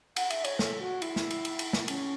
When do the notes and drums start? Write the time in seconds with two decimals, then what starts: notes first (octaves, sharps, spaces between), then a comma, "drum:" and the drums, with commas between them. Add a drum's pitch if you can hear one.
0.16 F#5, drum: cymbal
0.30 E5, drum: cymbal
0.44 C#5, drum: cymbal
0.59 A4, drum: snare
0.81 F#4
1.02 E4, drum: cymbal
1.16 drum: snare
1.31 drum: cymbal
1.45 drum: cymbal
1.59 drum: cymbal
1.73 drum: snare
1.88 C#4, drum: cymbal